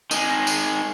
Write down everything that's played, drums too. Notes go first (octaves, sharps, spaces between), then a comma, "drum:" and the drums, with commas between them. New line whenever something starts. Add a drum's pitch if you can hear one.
D#3 G#3, drum: tambourine
drum: tambourine